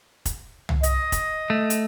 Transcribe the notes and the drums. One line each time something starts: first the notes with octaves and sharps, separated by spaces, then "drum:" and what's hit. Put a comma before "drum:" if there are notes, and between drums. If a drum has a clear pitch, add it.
drum: kick F1, hi-hat
drum: tom C2
D#5, drum: hi-hat
drum: kick F1, hi-hat
A3
drum: hi-hat